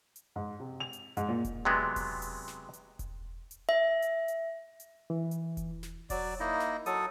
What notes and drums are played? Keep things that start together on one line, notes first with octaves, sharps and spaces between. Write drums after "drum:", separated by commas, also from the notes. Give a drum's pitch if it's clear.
drum: hi-hat
G#2
C3
F7
drum: hi-hat
G#2, drum: hi-hat
A#2
drum: kick E1, hi-hat
C3 F#3 G#3 B3 D4
drum: kick E1, open hi-hat
drum: open hi-hat
drum: snare
drum: hi-hat
drum: kick E1, hi-hat
drum: hi-hat
E5
drum: hi-hat
drum: hi-hat
drum: hi-hat
E3
drum: hi-hat
drum: kick E1, hi-hat
drum: snare
F#3 D5, drum: kick E1, open hi-hat
A#3 D#4 E4 D#5
drum: snare
F#3 A4 D#6, drum: hi-hat